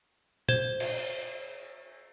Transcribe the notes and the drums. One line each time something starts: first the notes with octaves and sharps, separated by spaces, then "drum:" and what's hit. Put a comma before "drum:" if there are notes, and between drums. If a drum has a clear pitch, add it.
C5 G#6 E7 G7, drum: tom
drum: cymbal